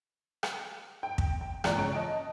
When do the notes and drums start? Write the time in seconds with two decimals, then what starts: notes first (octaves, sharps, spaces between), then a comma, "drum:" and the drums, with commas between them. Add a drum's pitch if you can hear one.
0.43 drum: rim click
1.03 G5
1.18 drum: kick
1.41 G5
1.64 E2 A#2 G#3 D5 A#5 F#6, drum: rim click
1.76 C#2 C#4 G#4 C#5 D7
1.96 D#5 A5